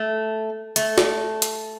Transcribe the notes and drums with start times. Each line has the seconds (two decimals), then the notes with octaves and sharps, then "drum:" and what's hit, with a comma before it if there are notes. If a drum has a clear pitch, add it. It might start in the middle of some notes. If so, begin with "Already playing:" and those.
Already playing: A3
0.76 A3, drum: hi-hat
0.98 drum: snare
1.42 drum: hi-hat